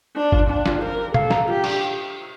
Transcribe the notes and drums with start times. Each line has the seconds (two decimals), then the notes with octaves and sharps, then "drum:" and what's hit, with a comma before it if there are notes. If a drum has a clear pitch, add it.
0.16 D4 C5
0.32 F4, drum: kick G1
0.49 D4 G5
0.66 F4, drum: snare
0.81 A#4 C5
0.98 G4
1.14 A4 F5, drum: tom A#2
1.30 A#5, drum: snare
1.47 F4 G4
1.64 D4, drum: cymbal